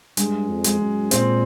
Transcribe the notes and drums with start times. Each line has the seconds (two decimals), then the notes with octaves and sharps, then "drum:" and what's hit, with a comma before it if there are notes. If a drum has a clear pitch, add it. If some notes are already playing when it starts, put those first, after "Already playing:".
0.17 G2 G#3, drum: hi-hat
0.48 F2
0.64 G#3, drum: hi-hat
0.81 F#2
1.11 A#2 C4, drum: hi-hat